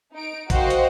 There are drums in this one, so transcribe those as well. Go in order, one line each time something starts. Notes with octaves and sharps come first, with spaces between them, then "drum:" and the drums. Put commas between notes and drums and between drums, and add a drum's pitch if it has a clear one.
D#4 D7
F#4 A#4 C5 D#5 F5 G5, drum: kick, hi-hat
drum: hi-hat